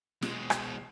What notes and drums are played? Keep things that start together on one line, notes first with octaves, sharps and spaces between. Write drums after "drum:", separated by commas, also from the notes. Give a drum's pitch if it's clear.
B2 G#3, drum: snare
drum: rim click